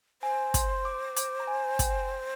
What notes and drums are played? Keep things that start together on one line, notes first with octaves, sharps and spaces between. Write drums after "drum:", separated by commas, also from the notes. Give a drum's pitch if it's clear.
C5 G#5
C6, drum: kick, hi-hat
D6
D6, drum: hi-hat
A#5
G#5
G#5
G5, drum: kick, hi-hat